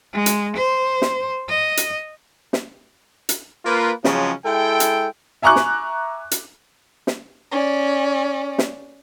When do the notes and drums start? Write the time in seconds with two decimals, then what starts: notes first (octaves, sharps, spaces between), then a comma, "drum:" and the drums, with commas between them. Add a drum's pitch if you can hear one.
0.14 G#3
0.26 drum: hi-hat
0.57 C5
1.02 drum: snare
1.49 D#5
1.77 drum: hi-hat
2.53 drum: snare
3.29 drum: hi-hat
3.65 A#3 F4 B4
4.04 C#3 F3 F#3 G#3 C4 C#4, drum: snare
4.45 G#3 E4 A4 G5
4.80 drum: hi-hat
5.42 E5 G#5 A#5 C#6 D6 F#6
5.56 drum: snare
6.31 drum: hi-hat
7.07 drum: snare
7.51 C#4 D5
8.58 drum: snare